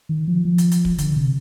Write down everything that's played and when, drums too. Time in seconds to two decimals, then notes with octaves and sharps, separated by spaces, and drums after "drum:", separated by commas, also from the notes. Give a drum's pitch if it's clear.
0.09 D#3
0.28 F3
0.45 F3
0.58 drum: hi-hat
0.71 drum: hi-hat
0.85 drum: kick
0.98 D3, drum: hi-hat
1.16 C3